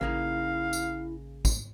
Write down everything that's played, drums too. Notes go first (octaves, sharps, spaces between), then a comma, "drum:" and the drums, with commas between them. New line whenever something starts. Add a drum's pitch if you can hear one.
A1 C#3 A#3 D#4 E4 F5
drum: tambourine
drum: kick, tambourine